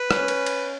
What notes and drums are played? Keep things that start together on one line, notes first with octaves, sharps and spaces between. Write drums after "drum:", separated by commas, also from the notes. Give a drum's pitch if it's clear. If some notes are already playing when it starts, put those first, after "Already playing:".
Already playing: B4
C#4, drum: rim click
drum: cymbal
drum: cymbal